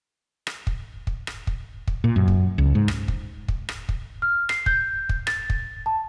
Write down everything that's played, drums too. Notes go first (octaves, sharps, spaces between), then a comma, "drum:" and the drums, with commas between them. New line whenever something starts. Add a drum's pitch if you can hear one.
drum: rim click
drum: kick
drum: kick
drum: rim click
drum: kick
drum: kick
A#2
F#2
drum: kick
C#2
G#2
drum: rim click
drum: kick
drum: kick
drum: rim click
drum: kick
F6
C7, drum: rim click
G6, drum: kick
drum: kick
A6, drum: rim click
drum: kick
A5